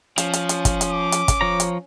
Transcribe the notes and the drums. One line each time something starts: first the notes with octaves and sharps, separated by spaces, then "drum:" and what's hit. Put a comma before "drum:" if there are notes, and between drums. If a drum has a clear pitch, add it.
F3 C#4, drum: hi-hat
drum: hi-hat
drum: hi-hat
drum: kick, hi-hat
drum: hi-hat
D6
drum: hi-hat
drum: kick, hi-hat
F3 C#5 A#5
drum: hi-hat